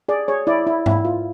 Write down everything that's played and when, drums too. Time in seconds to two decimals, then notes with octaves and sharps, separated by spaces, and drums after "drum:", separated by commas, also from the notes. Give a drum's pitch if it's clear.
0.08 G#4 D5
0.28 G#4 C#5
0.47 E4 D5
0.67 E4
0.86 E4, drum: tom G#2
1.05 F4